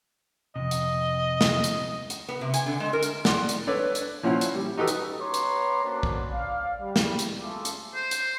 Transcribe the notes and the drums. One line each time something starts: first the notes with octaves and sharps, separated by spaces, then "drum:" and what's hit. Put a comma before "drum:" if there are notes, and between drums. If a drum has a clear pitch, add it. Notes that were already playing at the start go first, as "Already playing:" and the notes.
F2 C3 D#5
drum: hi-hat
drum: snare
drum: hi-hat
drum: hi-hat
B3
C3
G#5, drum: hi-hat
D3
G#3
A#4
drum: hi-hat
D5 F#5 C6, drum: snare
drum: hi-hat
D4 A4 B4 C#5 D5
drum: hi-hat
A#2 F3 C#4 E4 F#5
drum: hi-hat
G3
D#4 F#4 G4 A4 B4 D#6
drum: hi-hat
B3 B4 C#5 A#5 C6 D6
drum: hi-hat
A#3 B3 C#4 D4 F#4 C5
drum: kick
D5 F5
G3
drum: snare
drum: hi-hat
A3 F4 G#4 A4 E5 D6
drum: hi-hat
C5
drum: hi-hat